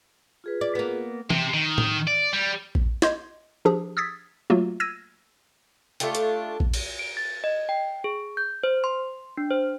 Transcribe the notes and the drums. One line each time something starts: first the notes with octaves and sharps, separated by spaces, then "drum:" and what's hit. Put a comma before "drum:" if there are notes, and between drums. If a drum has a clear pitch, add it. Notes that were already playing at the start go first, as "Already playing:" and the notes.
F4 G#4 B4
D5
A#3 B3
C3, drum: tom E3
D#3
drum: tom A2
D5
G3
drum: kick A#1
D#5 C6 G6 G#6, drum: snare
F3 D4 G4 G#4
D#6 E6 G#6 A6 B6
F#3 A3 A#3 F4 F#4
E6 G#6 A#6 D#7
A3 D4 F4 G4, drum: hi-hat
drum: hi-hat
drum: kick A#1
drum: cymbal
D7
A6
D#5
G5
G#4
G6
C5
C6
D4
C5